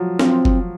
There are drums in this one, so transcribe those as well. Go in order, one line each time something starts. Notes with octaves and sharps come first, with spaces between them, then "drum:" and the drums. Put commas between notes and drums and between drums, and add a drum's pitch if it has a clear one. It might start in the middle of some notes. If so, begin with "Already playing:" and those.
Already playing: F3 F#3
F3 C4, drum: snare
drum: kick